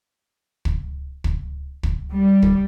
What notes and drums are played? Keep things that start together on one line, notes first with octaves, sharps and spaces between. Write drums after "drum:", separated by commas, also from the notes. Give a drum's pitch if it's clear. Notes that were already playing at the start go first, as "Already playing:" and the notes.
drum: kick
drum: kick
drum: kick
G3
drum: kick